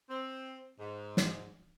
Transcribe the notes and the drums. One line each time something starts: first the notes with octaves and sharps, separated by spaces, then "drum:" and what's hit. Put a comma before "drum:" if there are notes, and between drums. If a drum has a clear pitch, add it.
C4
G#2
drum: snare